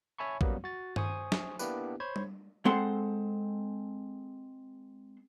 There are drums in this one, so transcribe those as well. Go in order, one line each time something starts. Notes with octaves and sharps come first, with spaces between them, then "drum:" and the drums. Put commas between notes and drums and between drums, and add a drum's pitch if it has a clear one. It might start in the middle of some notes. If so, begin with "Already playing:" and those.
C#5 E5 G#5 A5 B5 C#6
F#2 F#3 G3 A#3 B3, drum: kick A#1
F#4 A6
C5 G#5 C#6 D#6, drum: tom G2
drum: snare
A#3 B3 D4 E4 G4 B4, drum: tambourine
C5 C#5 B5 G#6
drum: tom G3
G#3 C4 A4 C5 F#5 C6